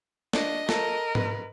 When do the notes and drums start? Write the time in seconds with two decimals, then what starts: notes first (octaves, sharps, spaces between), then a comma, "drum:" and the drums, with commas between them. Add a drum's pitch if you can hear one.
0.33 D4 D#5, drum: snare
0.69 A4 A#4, drum: snare
1.15 B4, drum: tom G#2